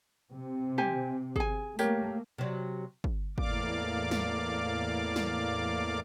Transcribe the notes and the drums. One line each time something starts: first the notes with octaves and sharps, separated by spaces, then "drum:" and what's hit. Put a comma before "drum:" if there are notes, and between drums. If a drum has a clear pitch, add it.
C3
G4 C5 G#5, drum: tom
G#4 G#5, drum: kick
A3 A#3 G4 A#4 C#5, drum: tambourine
C3 F#3
drum: kick
E2 A2 A#3 D5 F5 D6, drum: kick
drum: snare
drum: snare